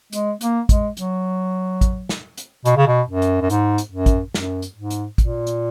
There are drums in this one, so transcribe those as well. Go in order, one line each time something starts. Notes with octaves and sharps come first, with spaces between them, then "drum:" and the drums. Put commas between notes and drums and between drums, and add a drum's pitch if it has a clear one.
G#3, drum: hi-hat
A#3, drum: hi-hat
G#3, drum: kick A1, hi-hat
F#3, drum: hi-hat
drum: kick A1, hi-hat
drum: snare
drum: hi-hat
B2, drum: hi-hat
C#3
B2
F#2
drum: hi-hat
F#2
G#2, drum: hi-hat
drum: hi-hat
F#2
drum: kick A1, hi-hat
F#2, drum: snare
drum: hi-hat
G#2
drum: hi-hat
A#2, drum: kick A1, hi-hat
drum: hi-hat